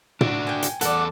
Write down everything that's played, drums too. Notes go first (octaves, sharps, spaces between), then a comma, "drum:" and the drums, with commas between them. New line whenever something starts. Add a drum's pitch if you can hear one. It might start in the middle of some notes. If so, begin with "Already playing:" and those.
D4 F#4, drum: tom
G5 G#5
drum: hi-hat
E2 G2 A4 D5 F#5, drum: hi-hat